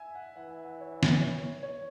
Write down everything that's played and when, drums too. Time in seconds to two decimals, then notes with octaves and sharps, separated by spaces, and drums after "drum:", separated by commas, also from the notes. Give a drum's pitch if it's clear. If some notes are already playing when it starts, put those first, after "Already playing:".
Already playing: E5 G#5
0.15 F#5
0.36 E3 F#5
0.64 F#5
0.81 C#5
0.92 E5
1.03 drum: snare
1.21 C#5
1.63 C#5